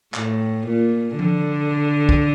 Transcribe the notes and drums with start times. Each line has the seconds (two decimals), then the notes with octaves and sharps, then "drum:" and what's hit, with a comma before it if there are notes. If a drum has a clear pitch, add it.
0.14 A2, drum: clap
0.67 A#2
1.19 D3, drum: tom F3
2.09 drum: kick A#1